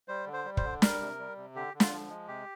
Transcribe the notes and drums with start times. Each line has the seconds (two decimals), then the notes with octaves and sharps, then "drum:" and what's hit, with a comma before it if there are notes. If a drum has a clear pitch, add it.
0.08 G3 C5
0.26 D3
0.33 C5
0.45 G3
0.57 C5, drum: kick
0.64 D3
0.82 G3 A#4, drum: snare
1.01 C3
1.19 G3
1.36 C3
1.55 D3 G4
1.74 D3
1.80 F4, drum: snare
1.92 F3
2.10 G#3
2.28 C3 G4